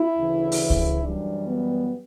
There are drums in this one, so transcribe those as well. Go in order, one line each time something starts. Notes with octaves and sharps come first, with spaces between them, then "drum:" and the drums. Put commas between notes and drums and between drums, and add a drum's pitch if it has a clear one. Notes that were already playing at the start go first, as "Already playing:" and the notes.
Already playing: E4
D2 C#3 E3
drum: open hi-hat
drum: kick C#2
F#2 E3 G3 D4
B3